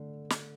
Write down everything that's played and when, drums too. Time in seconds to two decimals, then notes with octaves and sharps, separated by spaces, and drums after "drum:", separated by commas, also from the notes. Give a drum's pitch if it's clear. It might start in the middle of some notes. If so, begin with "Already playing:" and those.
Already playing: D3 A3
0.30 drum: snare